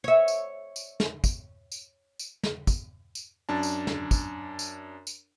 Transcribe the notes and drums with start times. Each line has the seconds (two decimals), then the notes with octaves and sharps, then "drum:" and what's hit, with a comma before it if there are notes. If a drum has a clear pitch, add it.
0.04 C#5 E5
0.28 drum: tambourine
0.76 drum: tambourine
1.00 drum: snare
1.24 drum: kick, tambourine
1.72 drum: tambourine
2.19 drum: tambourine
2.43 drum: snare
2.67 drum: kick, tambourine
3.15 drum: tambourine
3.49 F#2 D4 A5
3.63 drum: tambourine
3.87 drum: snare
4.11 drum: kick, tambourine
4.59 drum: tambourine
5.07 drum: tambourine